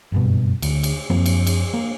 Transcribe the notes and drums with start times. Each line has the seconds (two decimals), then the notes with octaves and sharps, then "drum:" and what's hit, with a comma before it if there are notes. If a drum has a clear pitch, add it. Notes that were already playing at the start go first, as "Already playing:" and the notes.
0.12 F#1 G2 B2
0.62 D2, drum: cymbal
0.83 drum: cymbal
1.10 F#2 F3 A#3 C4
1.26 drum: cymbal
1.47 drum: cymbal
1.74 A#3